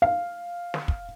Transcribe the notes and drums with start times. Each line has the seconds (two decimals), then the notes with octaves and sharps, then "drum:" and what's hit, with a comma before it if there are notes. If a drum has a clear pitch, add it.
0.02 F5
0.74 drum: snare
0.88 drum: kick